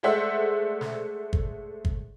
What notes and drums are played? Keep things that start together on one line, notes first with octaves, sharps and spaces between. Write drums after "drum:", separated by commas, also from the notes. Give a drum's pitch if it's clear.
G#3 A3 C5 D5 E5 F#5
drum: snare
drum: kick G1
drum: kick G1